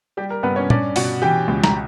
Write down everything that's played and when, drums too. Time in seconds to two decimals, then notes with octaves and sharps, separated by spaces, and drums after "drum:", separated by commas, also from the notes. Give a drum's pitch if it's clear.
0.17 G3 G4
0.30 A#4
0.43 G2 B3 B4
0.56 C#4 C#5
0.70 C#4 D4 D5, drum: tom
0.96 B2 F#4 F#5, drum: open hi-hat
1.22 E3 G4 G5
1.48 C#2
1.64 A#5, drum: snare